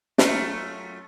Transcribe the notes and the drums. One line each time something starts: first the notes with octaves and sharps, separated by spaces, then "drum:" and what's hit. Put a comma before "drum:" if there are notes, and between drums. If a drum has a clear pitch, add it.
F#2 A3 F4, drum: snare